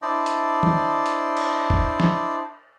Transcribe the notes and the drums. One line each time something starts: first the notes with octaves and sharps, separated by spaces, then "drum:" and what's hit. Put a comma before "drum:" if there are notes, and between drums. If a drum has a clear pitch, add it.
D4 E4 C5 D5 D#5
drum: hi-hat
drum: tom D#3
drum: hi-hat
drum: cymbal
drum: kick
drum: snare